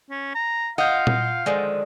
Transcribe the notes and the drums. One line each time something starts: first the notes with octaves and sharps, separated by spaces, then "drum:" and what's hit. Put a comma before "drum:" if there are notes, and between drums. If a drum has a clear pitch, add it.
C#4
A#5
F4 D#5 F5 F#5 G6
drum: tom A#2
D3 D#3 F3 G#3